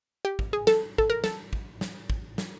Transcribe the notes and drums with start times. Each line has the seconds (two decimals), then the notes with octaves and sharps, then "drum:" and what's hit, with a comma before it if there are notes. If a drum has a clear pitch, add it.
0.25 G4
0.39 drum: kick
0.53 G#4
0.67 A4, drum: snare
0.98 A4, drum: kick
1.10 A#4
1.24 A4, drum: snare
1.53 drum: kick
1.81 drum: snare
2.10 drum: kick
2.38 drum: snare